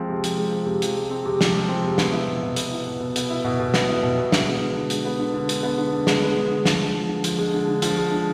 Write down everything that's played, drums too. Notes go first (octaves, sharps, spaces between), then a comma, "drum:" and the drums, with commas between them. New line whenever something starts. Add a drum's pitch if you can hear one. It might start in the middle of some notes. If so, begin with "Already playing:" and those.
Already playing: F3 G#3 C4
C3
F3, drum: hi-hat
G#3
C4
C3
F3, drum: hi-hat
G#3
C4
C3
F3, drum: snare
G#3
C4
C3
B3, drum: snare
E4
B2
B2
B3, drum: hi-hat
E4
B2
B2
B3, drum: hi-hat
E4
B2
B2
B3, drum: snare
E4
B2
B2
G#3, drum: snare
B3
D3
D3
G#3, drum: hi-hat
B3
D3
D3
G#3, drum: hi-hat
B3
D3
D3
G#3, drum: snare
B3
D3
D3
F3, drum: snare
G#3
D3
D3
F3, drum: hi-hat
G#3
D3
D3
F3, drum: hi-hat
G#3
D3